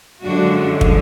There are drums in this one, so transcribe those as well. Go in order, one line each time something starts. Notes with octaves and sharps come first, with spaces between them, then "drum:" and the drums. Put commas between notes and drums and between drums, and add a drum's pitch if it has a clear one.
F#2 D3 F3 G#3 D4 F#4
drum: kick